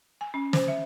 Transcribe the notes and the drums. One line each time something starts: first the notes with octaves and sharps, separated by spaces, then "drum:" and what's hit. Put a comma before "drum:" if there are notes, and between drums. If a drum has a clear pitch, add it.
G#5
C#4
C5, drum: snare
E5